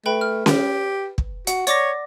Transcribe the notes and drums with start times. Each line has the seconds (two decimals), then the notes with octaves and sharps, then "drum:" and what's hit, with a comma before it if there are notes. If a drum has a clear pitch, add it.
0.06 A3 B4 G5 B5
0.21 F6
0.46 G4, drum: snare C#4
1.18 drum: kick
1.47 F#4 F#5, drum: hi-hat
1.67 C#5 D5 D6 A#6, drum: hi-hat